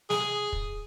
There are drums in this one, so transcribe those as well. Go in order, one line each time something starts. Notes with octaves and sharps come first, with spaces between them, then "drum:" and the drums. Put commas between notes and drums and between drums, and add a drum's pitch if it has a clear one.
G#4, drum: snare
drum: kick